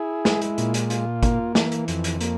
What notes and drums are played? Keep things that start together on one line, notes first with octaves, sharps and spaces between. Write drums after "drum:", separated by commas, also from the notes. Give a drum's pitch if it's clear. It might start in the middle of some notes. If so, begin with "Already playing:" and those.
Already playing: E4 G#4
G#3, drum: snare
drum: hi-hat
A#2, drum: hi-hat
drum: hi-hat
F4, drum: hi-hat
A#3, drum: kick, hi-hat
E3, drum: snare
drum: hi-hat
F2, drum: hi-hat
drum: hi-hat
A#3, drum: hi-hat